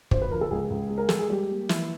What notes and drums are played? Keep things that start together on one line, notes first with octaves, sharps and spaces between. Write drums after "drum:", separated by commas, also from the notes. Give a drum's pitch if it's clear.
D2 C5, drum: kick
B4
F3 A#4
A4
C#2 G#4
C#2
G#3
A#4
G#3 A4, drum: snare
G#4
G3 G4
A#3
E3 E4, drum: snare